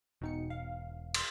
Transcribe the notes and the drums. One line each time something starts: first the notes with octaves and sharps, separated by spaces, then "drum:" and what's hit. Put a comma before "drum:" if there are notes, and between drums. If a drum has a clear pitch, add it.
E1 B2 D#4 C#7
F5
C6, drum: cymbal